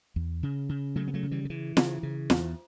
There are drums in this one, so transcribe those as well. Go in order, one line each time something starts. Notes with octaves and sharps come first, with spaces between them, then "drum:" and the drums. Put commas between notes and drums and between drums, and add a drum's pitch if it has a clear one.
E2
C#3
C#3
C#3 F#3 A3
B3
F#3 A3
C#3
E3 G3
D3
C#3 E3
C#3, drum: snare
C#3
E2, drum: snare